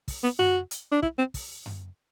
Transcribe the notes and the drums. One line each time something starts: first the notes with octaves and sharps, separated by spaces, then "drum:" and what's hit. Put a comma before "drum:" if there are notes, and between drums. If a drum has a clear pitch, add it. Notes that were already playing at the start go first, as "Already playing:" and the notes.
drum: kick, open hi-hat
B3
F#4, drum: tom F#2
drum: hi-hat
D4
E4, drum: kick
C4
drum: kick, open hi-hat
drum: tom F#2